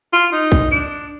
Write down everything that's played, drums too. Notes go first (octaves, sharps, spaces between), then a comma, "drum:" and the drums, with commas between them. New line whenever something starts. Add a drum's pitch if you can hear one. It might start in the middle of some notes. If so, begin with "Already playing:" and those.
F4
D#4
drum: kick
D4